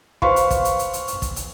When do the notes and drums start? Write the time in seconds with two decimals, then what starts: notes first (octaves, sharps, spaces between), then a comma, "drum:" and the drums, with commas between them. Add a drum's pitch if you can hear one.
0.22 B4 C5 F5 C6 C#6, drum: kick
0.36 drum: hi-hat
0.50 drum: kick, hi-hat
0.65 drum: hi-hat
0.79 drum: hi-hat
0.93 drum: hi-hat
1.08 drum: hi-hat
1.22 drum: kick, hi-hat
1.36 drum: hi-hat